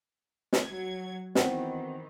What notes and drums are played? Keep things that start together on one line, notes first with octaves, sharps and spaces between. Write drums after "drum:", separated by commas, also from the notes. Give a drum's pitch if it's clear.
drum: snare
F#3 G#6
D#3 E3 B3 C4 F#4, drum: snare